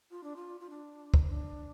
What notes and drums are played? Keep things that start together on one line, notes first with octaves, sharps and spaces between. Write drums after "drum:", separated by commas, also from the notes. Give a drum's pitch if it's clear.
F4
D4
F4
F4
D4
drum: kick
D4